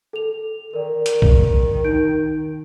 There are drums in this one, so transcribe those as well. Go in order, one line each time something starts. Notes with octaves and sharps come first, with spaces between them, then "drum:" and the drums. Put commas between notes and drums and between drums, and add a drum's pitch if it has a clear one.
A4 F7
D#3 A#4 D5
drum: hi-hat
drum: kick B1
D#4 G6 D7